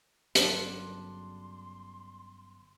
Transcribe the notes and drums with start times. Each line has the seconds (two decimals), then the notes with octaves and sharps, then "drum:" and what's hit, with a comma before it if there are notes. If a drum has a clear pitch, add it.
0.35 G1 C#3 F#3 D4 A4 D5 C6, drum: hi-hat